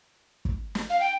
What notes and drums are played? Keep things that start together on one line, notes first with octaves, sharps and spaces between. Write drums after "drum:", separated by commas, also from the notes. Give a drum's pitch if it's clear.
drum: kick
drum: snare
F5
G5